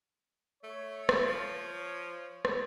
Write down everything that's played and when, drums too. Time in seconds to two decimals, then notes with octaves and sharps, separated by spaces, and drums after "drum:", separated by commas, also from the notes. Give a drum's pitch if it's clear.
0.64 A3 C#5
1.09 drum: rim click
1.27 F3
2.45 drum: rim click